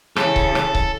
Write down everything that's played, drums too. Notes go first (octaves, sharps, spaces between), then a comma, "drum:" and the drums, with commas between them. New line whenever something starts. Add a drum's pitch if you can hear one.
C#3 E3 A4, drum: rim click
drum: kick C#1
drum: rim click
drum: kick C#1